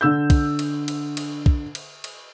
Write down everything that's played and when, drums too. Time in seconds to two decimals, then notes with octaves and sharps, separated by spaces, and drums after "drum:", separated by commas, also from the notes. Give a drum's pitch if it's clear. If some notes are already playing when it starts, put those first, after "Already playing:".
0.01 D3 E6 G6
0.30 drum: kick, cymbal
0.59 drum: cymbal
0.88 drum: cymbal
1.17 drum: cymbal
1.46 drum: kick
1.75 drum: cymbal
2.04 drum: cymbal